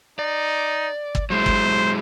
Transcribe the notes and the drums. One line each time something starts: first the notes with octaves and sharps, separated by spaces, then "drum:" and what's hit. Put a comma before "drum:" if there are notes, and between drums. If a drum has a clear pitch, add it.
D#4 D5
drum: kick
F#3 G#3 E4 C5
drum: kick